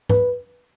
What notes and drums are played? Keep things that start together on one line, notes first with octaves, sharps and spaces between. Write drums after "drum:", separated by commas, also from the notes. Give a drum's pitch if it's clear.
B4, drum: tom G#2